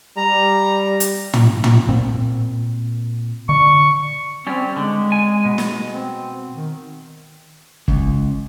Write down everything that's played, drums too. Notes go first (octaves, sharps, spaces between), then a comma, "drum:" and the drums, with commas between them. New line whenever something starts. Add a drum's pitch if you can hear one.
G3 A#5
drum: hi-hat
drum: tom
drum: tom
A#2 C4
D3 C#6
G3 C4 C#4
D3 G#3
G#5
B2
drum: snare
C4
D#3
C#2, drum: kick